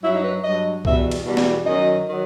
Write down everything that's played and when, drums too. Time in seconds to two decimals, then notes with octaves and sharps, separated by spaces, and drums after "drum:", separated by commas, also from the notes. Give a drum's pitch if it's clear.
0.03 G2 F#3 E4
0.14 D#4
0.23 B4
0.44 G2 F#3 D#5
0.85 E2 B2 G3 E5, drum: kick C2
1.11 drum: cymbal
1.25 E2 B2 G3
1.37 drum: snare
1.65 F#2 D#3 F#3 D#5
2.08 D#3 F#3